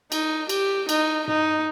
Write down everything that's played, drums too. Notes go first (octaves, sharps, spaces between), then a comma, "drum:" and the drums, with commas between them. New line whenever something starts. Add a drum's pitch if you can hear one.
D#4, drum: cymbal
G4, drum: cymbal
D#4, drum: cymbal
D#4, drum: tom G#2